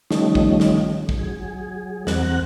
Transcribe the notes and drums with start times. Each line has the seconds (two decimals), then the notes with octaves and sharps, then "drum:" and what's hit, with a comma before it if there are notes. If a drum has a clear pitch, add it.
0.11 D#3 F3 G3 A3 C#4 D#4, drum: snare
0.35 drum: kick
0.60 drum: snare
1.09 drum: kick
1.19 F#3 G#4
2.07 E2 C4 F#5 A#5 F#6, drum: snare